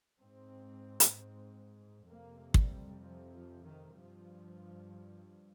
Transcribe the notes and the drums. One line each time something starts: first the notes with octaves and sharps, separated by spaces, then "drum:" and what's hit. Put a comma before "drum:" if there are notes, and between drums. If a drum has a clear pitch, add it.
G#2 C4
drum: hi-hat
F2 C3 A#3
G3, drum: kick
F3
F3
D#3
G2 F3